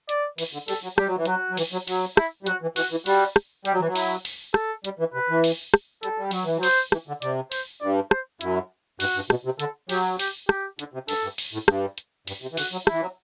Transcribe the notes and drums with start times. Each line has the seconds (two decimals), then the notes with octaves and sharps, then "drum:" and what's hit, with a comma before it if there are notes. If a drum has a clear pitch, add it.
0.09 D5, drum: hi-hat
0.38 E3, drum: open hi-hat
0.53 D3
0.68 G3 A4, drum: open hi-hat
0.83 F#3
0.98 G3 G4, drum: rim click
1.07 F#3
1.17 E3
1.25 F#3 F#4, drum: hi-hat
1.50 F#3
1.57 E3, drum: open hi-hat
1.72 F#3
1.88 F#3, drum: open hi-hat
2.17 E4, drum: rim click
2.43 G3
2.46 F#3 F#4, drum: hi-hat
2.62 E3
2.76 E3 F#4, drum: open hi-hat
2.91 E3
3.06 G3 F#4, drum: open hi-hat
3.36 drum: rim click
3.65 G3 G4, drum: hi-hat
3.73 F#3
3.80 E3
3.87 F#3
3.96 E4, drum: open hi-hat
4.25 drum: open hi-hat
4.54 A4, drum: rim click
4.85 G3, drum: hi-hat
4.99 E3
5.14 C3 B4
5.29 E3
5.44 drum: open hi-hat
5.74 drum: rim click
6.03 G3 A4, drum: hi-hat
6.18 G3
6.31 F#3, drum: open hi-hat
6.44 E3
6.57 F#3
6.63 C5, drum: open hi-hat
6.92 E3, drum: rim click
7.08 D3
7.22 C3 D5, drum: hi-hat
7.52 C5, drum: open hi-hat
7.81 G2 D5
8.11 C5, drum: rim click
8.41 F#2 E4, drum: hi-hat
9.00 G2 F#4, drum: open hi-hat
9.16 G2
9.30 B2, drum: rim click
9.45 C3
9.60 D3 A4, drum: hi-hat
9.89 F#3 G4, drum: open hi-hat
10.19 G4, drum: open hi-hat
10.49 G4, drum: rim click
10.79 D3, drum: hi-hat
10.94 C3
11.08 G2 A4, drum: open hi-hat
11.23 G2
11.38 drum: open hi-hat
11.53 A2
11.68 G2, drum: rim click
11.98 drum: hi-hat
12.27 G2, drum: open hi-hat
12.42 C3
12.52 E3
12.57 D3 F#4, drum: open hi-hat
12.72 F#3
12.87 E3 E4, drum: rim click
13.02 F#3